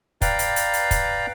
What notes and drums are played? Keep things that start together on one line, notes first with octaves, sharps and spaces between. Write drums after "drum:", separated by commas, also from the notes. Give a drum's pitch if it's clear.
B4 D5 F5 G5 A#5, drum: kick, hi-hat
drum: hi-hat
drum: hi-hat
drum: hi-hat
drum: kick, hi-hat